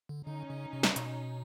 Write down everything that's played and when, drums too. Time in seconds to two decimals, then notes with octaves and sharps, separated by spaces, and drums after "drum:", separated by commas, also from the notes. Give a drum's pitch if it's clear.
0.09 D3
0.27 D3 C#4 D#4
0.50 C#3
0.73 C3
0.83 drum: snare
0.96 B2, drum: hi-hat